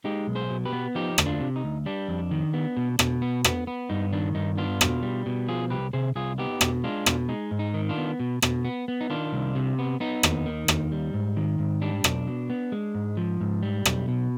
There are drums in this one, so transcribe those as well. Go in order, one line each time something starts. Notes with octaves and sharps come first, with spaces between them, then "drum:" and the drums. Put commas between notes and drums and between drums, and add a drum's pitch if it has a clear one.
G#3 D#4 G4
B1
G#4 C5
B2
G4 B4
B3
F3 D#4 G4
D2, drum: rim click
D4 F4
C3
D#4
D2
G3 D4
F2
D#3
B3
B2
B2, drum: rim click
B3
B3, drum: rim click
B3
G2 D#4
D#3 D4
G2 D#4
B3 D4 F4
B2, drum: rim click
G3
B2
F3 F4 G#4
C2 G4 B4
C3 G#4 C5
C2 F4 G#4
B3 D#4 G4
B2, drum: rim click
G#3 D4 F4
B2, drum: rim click
G#3 D#4
G#2
D#4
D#3
D4 F4
B3
B2
B2, drum: rim click
B3
B3
D#4
D#3 D4 F4
C2
C3
B3
B3 D#4
D#2, drum: rim click
D#3
D#2, drum: rim click
G3
G#2
D#3
G#2
G3 D4
B1, drum: rim click
B2
B3
G#3
G#2
F3
G#2
G3
B1, drum: rim click
B2